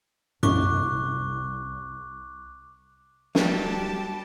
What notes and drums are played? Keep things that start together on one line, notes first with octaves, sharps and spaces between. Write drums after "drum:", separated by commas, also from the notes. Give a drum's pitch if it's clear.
C2 C#6 D6 F#6, drum: tom F#2
F#3 G3 G4 A5, drum: snare